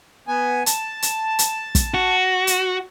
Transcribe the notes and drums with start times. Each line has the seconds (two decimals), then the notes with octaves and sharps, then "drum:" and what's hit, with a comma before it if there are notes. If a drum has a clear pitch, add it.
0.28 B3 G#5
0.66 A5, drum: hi-hat
1.02 drum: hi-hat
1.39 drum: hi-hat
1.75 drum: kick, hi-hat
1.94 F#4
2.47 drum: hi-hat